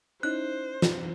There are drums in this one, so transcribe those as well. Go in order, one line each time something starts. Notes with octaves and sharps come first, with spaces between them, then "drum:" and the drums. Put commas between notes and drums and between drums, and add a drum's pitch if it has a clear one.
C#4 D#4 E4 C5 F#6
drum: snare